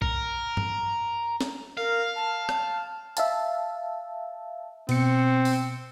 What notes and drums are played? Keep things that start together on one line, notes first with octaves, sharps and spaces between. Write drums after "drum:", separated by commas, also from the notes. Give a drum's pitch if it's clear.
A#4, drum: kick B1
drum: tom G2
drum: snare C4
A#4 F5
A5
drum: rim click
E5 F5 A5, drum: hi-hat
B2 C4 C#7, drum: cymbal
drum: open hi-hat